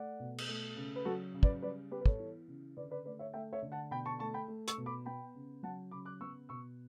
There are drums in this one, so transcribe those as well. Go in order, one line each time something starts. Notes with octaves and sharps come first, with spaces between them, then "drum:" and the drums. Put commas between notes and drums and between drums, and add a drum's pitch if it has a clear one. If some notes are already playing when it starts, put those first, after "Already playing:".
Already playing: A3 D5 F#5
B2
drum: cymbal
A3
C#3
B4
F#3 F#4 A4
C#3
B4 D5, drum: kick
G3 B4 D5
B3 G4 B4
B4
A4 C#5, drum: kick
E3
C#3
D3 B4 D5
B4 D5
A3 B4 D5
C#5 E5
A3 E5 G5
C#5 E5
D3
F#5 A5
B2 G5 B5
A5 C#6
A3 A5 C#6
G5 B5
A3
C#6 E6, drum: hi-hat
B2
B5 D6
B3 G5 B5
C#3
F#3 F#5 A5
C#3 B5 D6
D6 F#6
B3 C#6 E6
B2 C#6 E6